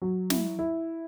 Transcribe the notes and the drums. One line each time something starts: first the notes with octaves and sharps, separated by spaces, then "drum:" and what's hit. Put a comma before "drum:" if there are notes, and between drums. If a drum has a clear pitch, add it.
F#3
E4, drum: snare
E4